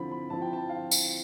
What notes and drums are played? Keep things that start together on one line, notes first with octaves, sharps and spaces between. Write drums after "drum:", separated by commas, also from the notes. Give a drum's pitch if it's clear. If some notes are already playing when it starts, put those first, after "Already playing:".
Already playing: D3 F3 C4 E4 B5
B5
F3 C4 E4 A5
G5
A5
F5
drum: tambourine